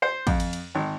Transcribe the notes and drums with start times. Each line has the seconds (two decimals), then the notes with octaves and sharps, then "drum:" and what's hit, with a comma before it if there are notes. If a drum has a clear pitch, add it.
0.02 C5
0.27 F2, drum: kick, cymbal
0.40 drum: cymbal
0.53 drum: cymbal
0.75 G#1